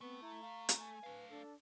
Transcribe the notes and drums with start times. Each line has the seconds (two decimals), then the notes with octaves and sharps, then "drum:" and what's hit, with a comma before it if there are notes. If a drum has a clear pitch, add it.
0.01 A3 B3 C4
0.22 E4 A#5
0.42 F5
0.69 drum: hi-hat
0.80 G#5
1.03 A3 B4 F5
1.31 D4 A4